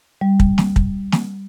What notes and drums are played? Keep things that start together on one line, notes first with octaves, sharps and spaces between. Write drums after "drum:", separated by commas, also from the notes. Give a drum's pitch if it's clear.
G3
drum: kick
drum: snare
drum: kick
drum: snare